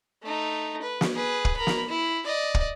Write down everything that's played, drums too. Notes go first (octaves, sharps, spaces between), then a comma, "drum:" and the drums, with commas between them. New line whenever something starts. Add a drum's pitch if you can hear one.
A3 D#4
B4
drum: snare
G#4 B4
drum: kick
A#4 B5
drum: snare
E4
D5 D#5
drum: kick